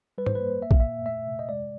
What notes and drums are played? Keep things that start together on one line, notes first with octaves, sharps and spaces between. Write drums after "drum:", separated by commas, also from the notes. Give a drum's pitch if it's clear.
G3 B4
C5, drum: tom G#2
B4
A#3
A#3 E5
F5, drum: kick A#1
A#2 E5
A3 E5
C3
D#5
G#3 D5